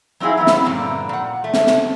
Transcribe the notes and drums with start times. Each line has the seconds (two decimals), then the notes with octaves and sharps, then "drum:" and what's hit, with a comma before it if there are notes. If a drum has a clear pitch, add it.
0.20 F#3 C4 D#4 E4 G#4 F5
0.37 E3 B3 E4
0.47 drum: snare
0.64 G2 A#2 D3 F3 D4 A#5
1.09 A#2 F#5
1.44 A3
1.54 drum: snare
1.67 drum: snare